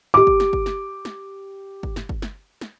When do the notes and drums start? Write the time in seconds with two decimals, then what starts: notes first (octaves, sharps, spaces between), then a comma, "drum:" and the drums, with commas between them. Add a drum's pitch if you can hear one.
0.14 G4 D6
0.27 drum: kick G1
0.40 drum: snare
0.53 drum: kick G1
0.66 drum: snare
1.05 drum: snare
1.83 drum: kick G1
1.96 drum: snare
2.09 drum: kick G1
2.22 drum: snare
2.61 drum: snare